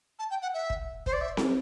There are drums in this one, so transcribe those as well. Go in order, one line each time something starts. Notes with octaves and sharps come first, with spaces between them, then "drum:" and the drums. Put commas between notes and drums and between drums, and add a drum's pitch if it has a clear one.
A5
G5
F#5
E5
drum: kick
C5, drum: kick
D5
E5
drum: snare C4